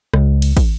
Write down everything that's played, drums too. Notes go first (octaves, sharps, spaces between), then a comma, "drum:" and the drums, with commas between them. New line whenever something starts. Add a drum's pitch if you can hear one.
C#2, drum: rim click
drum: cymbal
drum: kick, cymbal